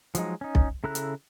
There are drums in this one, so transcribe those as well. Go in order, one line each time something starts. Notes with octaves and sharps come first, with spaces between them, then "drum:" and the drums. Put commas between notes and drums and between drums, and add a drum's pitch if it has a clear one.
F3 F#3 G#3 D#4, drum: hi-hat
C#4 D#4
drum: kick B1
C#3 E4 A4 A#5 F#6
drum: hi-hat